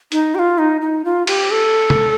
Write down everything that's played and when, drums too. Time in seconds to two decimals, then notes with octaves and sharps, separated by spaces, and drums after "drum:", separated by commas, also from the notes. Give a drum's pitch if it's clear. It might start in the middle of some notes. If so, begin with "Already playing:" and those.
0.12 D#4, drum: hi-hat
0.35 G4
0.39 F4
0.58 D#4
0.81 D#4
1.05 F4
1.27 G4, drum: cymbal
1.51 A4
1.90 drum: tom C3